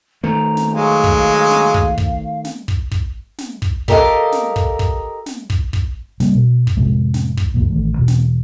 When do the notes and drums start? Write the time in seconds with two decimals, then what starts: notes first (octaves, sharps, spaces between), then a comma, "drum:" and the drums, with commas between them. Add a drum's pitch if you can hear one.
0.24 D#3 A3 A#5
0.57 drum: snare
0.74 F#3 G#3 F5
1.04 drum: kick
1.51 drum: snare
1.74 drum: kick
1.98 drum: kick
2.45 drum: snare
2.68 drum: kick
2.91 drum: kick
3.38 drum: snare
3.62 drum: kick
3.88 G4 A4 A#4 C#5 D#5 F5, drum: kick
4.32 drum: snare
4.56 drum: kick
4.79 drum: kick
5.26 drum: snare
5.50 drum: kick
5.73 drum: kick
6.20 C#3 G3 A#3, drum: snare
6.35 B2
6.67 drum: kick
6.77 F2 A2 C3 G#3
7.14 drum: snare
7.37 drum: kick
7.54 C#2 F#2 A#2
7.70 A1 D#3 A3
7.98 E2 B2
8.08 drum: snare